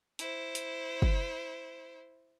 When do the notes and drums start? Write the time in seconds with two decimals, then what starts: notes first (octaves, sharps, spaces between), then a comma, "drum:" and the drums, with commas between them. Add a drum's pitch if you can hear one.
0.19 E4 C5, drum: hi-hat
0.55 drum: hi-hat
1.02 drum: kick